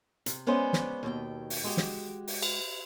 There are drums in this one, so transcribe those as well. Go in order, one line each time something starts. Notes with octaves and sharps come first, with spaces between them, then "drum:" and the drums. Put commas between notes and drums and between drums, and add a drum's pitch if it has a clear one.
C3, drum: hi-hat
G#3 B3 C#4 B4 C5 D5
drum: snare
D#2 B2 G4 G5
drum: open hi-hat
G#3 F#4 G4
drum: snare
drum: open hi-hat
drum: cymbal